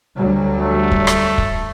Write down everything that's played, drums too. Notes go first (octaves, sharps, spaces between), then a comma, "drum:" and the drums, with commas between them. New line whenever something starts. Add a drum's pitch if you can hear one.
D2 F#3 G3
A3
drum: kick
drum: rim click
drum: kick